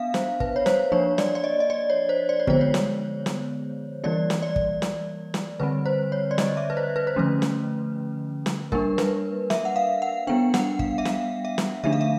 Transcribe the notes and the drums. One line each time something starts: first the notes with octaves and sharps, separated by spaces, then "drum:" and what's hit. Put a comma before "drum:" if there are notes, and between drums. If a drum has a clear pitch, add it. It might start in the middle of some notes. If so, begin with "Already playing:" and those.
Already playing: B3 D4 E5 F5
C5, drum: snare
B4, drum: kick
C#5
C5, drum: snare
F3 A#3 D4 C#5
D5, drum: snare
D5
D#5
D#5
D5
C#5
C5
D5
C#5
D3 F3 G#3 B3 C5, drum: kick
C#5
drum: snare
drum: snare
E3 G3 A#3 D5
drum: snare
D5
drum: kick
drum: snare
drum: snare
D3 G3 C4 B4
C5
C#5
D5
D#5, drum: snare
E5
B4
C5
B4
C5
D3 F3 A3 C#4 B4
drum: snare
drum: snare
G3 A#3 D4 A#4, drum: kick
B4, drum: snare
E5, drum: snare
F#5
F5
F#5
G3 B3 D4 G5
F#5, drum: snare
F5, drum: kick
E5
F5, drum: snare
E5
drum: snare
D3 F3 A3 D4 E5
F5
E5